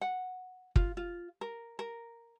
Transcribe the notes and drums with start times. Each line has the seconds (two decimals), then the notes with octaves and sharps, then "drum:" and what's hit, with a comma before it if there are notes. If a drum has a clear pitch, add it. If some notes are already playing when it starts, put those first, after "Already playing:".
0.01 F#5
0.76 F4, drum: kick
0.97 F4
1.41 A#4
1.79 A#4